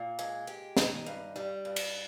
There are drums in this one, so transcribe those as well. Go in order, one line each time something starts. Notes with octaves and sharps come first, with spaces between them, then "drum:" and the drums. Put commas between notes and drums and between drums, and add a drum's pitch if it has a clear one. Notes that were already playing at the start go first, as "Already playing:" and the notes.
Already playing: A#2
G#3
G4
D#4, drum: snare
G2
G3
G2
drum: cymbal